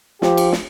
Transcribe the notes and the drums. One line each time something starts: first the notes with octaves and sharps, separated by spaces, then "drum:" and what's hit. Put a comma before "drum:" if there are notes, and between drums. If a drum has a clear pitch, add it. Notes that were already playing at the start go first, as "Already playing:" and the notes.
F3 G4, drum: snare
drum: cymbal
drum: snare